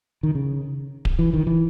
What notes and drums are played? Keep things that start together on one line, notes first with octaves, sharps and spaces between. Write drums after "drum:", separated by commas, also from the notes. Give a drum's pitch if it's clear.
D#3
C#3
drum: kick D1
E3
D#3
E3